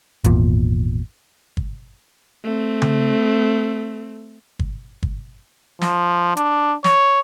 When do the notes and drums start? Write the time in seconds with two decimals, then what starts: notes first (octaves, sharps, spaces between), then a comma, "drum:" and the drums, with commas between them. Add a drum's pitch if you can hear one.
0.24 G#1 E2 A#2, drum: hi-hat
1.57 drum: kick G1
2.44 A3 C4
2.82 drum: tom C#3
4.59 drum: kick G1
5.03 drum: kick G1
5.81 F3, drum: snare
6.37 D4, drum: hi-hat
6.84 C#5, drum: snare